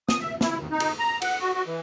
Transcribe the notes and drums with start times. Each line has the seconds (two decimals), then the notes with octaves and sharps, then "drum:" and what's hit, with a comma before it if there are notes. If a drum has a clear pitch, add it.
0.09 D#6, drum: snare
0.21 E5
0.41 E4, drum: snare
0.58 D#2
0.71 D#4
0.80 drum: cymbal
0.99 A#5
1.22 F#5, drum: cymbal
1.40 F#4
1.54 F#4
1.66 E3